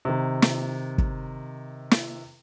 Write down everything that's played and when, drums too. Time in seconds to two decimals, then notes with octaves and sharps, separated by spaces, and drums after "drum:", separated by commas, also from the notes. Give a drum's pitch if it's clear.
0.05 C3 D#3
0.42 drum: snare
0.98 drum: kick
1.91 drum: snare